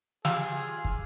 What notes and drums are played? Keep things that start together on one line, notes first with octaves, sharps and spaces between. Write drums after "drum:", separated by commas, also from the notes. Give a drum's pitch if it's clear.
F4 G4 G#4 F5 E6, drum: snare
drum: kick